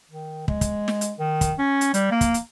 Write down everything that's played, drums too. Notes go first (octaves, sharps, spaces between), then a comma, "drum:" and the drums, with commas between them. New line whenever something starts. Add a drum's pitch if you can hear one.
D#3
G#3, drum: kick
drum: kick, hi-hat
drum: snare
drum: hi-hat
D#3
drum: kick, hi-hat
C#4
drum: hi-hat
G3, drum: hi-hat
A#3
drum: kick, hi-hat
drum: hi-hat